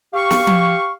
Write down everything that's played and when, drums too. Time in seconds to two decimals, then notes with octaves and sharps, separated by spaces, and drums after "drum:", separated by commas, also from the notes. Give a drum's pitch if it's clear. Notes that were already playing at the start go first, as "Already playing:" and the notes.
0.14 G4 F5 C#6
0.30 drum: snare
0.47 drum: tom F3